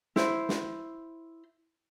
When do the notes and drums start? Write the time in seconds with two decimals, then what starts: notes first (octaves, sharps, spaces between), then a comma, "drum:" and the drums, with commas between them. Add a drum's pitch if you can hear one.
0.16 E4 C5, drum: snare
0.49 drum: snare